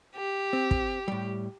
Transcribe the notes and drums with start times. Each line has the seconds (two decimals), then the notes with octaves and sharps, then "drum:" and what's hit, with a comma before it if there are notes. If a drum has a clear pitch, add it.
0.16 G4
0.53 C4
0.71 drum: kick
1.08 A2 G3